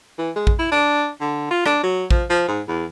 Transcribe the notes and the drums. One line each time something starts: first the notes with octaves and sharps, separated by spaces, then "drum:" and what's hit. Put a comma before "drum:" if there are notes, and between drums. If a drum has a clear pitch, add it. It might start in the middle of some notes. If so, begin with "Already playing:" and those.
E3
G#3
drum: kick
E4
D4
D3
F4
D4, drum: rim click
F#3
F3, drum: kick
F3
G#2
E2